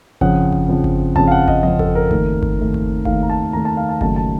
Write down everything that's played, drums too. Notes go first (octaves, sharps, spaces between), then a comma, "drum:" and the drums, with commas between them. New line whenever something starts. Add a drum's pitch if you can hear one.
F2 C#3 F3 C4 F#5, drum: kick G1
drum: kick G1
F2 C#3 F3 C4
drum: kick G1
F2 C#3 F3 C4 A5, drum: kick G1
F5
F#5
D#5, drum: kick G1
F2 C#3 F3 C4 D#5
A4, drum: kick G1
A#4
D#2 D#3 A3, drum: kick G1
drum: kick G1
D#2 D#3 A3
drum: kick G1
D#2 D#3 A3 F5, drum: kick G1
A#5
A5
D#2 D#3 A3 A#5
A5
F5
A5
D#2 C#3 F#3 A3 D#4 A5, drum: kick G1
A5